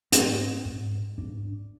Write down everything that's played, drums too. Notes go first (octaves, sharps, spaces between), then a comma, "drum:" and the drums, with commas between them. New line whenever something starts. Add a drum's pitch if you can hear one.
G#2 C4, drum: hi-hat
G#2
G#2 D4